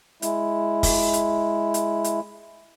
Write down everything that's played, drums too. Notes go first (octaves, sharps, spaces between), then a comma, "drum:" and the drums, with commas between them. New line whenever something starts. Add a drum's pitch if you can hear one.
G#3 E4, drum: hi-hat
drum: kick, open hi-hat
drum: hi-hat
drum: hi-hat
drum: hi-hat